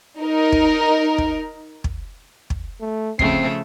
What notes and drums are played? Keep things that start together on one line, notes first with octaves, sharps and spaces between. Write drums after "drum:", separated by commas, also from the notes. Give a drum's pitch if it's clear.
D#4 A#4
drum: kick
drum: kick
drum: kick
drum: kick
A3
C#3 F3 A3 C4 C7, drum: kick